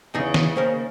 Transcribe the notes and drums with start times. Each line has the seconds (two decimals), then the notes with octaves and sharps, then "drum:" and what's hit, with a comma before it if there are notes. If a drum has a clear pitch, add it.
0.14 E2 C#3 E3 D#4 G#4
0.34 drum: snare
0.56 D#3 A#3 C#4 A#4 C5